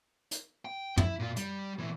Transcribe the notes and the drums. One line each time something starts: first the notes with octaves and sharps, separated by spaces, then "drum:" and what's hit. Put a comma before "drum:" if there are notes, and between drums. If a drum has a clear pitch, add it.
drum: hi-hat
G5
E4, drum: tom
A#2 F4
G3, drum: hi-hat
A#2 E3